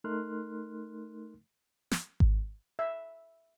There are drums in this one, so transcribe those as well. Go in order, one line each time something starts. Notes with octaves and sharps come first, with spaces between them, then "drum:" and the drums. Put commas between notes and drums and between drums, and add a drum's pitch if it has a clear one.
A3 D#4 A#4 C6 F6 F#6
drum: snare
drum: kick G#1
E5